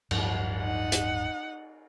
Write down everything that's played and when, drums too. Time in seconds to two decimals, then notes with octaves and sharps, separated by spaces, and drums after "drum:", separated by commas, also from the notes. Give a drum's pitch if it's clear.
0.11 D1 G2 F3, drum: cymbal
0.57 D#4 F#5
0.92 drum: hi-hat